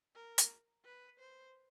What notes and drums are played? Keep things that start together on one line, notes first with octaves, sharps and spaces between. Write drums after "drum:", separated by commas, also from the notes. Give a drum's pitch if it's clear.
A#4
drum: hi-hat
B4
C5